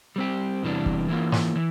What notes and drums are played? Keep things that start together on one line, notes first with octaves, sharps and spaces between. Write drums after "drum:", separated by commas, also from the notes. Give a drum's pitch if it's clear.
G3 C4 G4
E2 C3 E3 G3 D4
drum: kick
E3 A#3 F4
drum: snare
E3